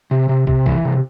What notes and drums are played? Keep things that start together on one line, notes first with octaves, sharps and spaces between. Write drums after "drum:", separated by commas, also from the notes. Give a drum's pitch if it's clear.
C3
C3
C3, drum: kick
E3, drum: kick
C3